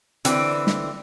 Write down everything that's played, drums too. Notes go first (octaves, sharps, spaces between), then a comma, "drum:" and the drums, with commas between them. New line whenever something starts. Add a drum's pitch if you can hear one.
D3 E3 C4 G5, drum: hi-hat
drum: snare